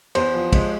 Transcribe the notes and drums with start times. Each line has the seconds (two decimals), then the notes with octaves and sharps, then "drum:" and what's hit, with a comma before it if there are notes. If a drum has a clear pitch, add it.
0.15 E2 C5, drum: cymbal
0.34 F3
0.53 G#3, drum: kick, cymbal